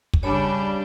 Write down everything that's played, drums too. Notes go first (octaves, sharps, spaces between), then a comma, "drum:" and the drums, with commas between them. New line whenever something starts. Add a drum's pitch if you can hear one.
drum: kick
C#3 G3 D4 C#5 G#5 B5